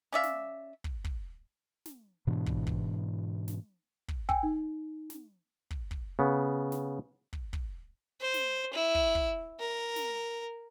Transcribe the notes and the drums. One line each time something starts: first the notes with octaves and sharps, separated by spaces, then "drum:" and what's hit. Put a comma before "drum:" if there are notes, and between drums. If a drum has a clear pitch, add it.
C#4 D5 E5 F5
drum: snare
drum: kick
drum: kick
drum: snare
G#2 B2 E3 D4
drum: kick
drum: kick
drum: snare
drum: kick
G5 G#5 E6, drum: kick
D#4
drum: snare
drum: kick
drum: kick
C#3 B3
drum: snare
drum: kick
drum: kick
C5
drum: snare
E4
drum: kick
drum: kick
A#4
drum: snare